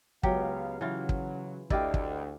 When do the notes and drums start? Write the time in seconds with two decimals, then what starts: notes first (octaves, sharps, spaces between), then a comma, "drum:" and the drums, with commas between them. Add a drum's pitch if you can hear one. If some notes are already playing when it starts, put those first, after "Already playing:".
0.23 C#2 F#3 B3 G4 F5, drum: kick
0.81 C#3 E3 F#3 F4
1.09 drum: kick
1.70 D2 E4 G4 D5 D#5 F5 G5, drum: kick
1.94 drum: kick